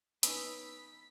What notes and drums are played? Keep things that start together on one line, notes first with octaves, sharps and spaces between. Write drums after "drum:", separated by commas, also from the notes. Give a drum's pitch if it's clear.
B3 C#4 D#4 G#5 B5 D#6 E6 B6, drum: hi-hat